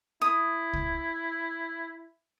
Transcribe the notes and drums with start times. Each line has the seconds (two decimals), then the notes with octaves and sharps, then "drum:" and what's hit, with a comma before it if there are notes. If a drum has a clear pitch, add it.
0.22 E4 D#6
0.73 drum: kick